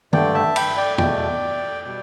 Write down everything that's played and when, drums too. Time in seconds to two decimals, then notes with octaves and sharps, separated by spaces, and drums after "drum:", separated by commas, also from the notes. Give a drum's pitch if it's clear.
0.13 G2 D3 A3 D5 G5, drum: tom
0.35 E5 A5
0.56 G5 B5, drum: cymbal
0.77 D5 G5
0.98 E2 B2 A3 D5 G5, drum: tom
1.85 B2 G3